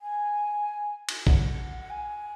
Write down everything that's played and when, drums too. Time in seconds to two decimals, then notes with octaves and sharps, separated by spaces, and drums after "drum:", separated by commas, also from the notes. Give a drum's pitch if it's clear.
0.01 G#5
1.09 drum: cymbal
1.27 F#5, drum: kick
1.81 F#5
1.90 G#5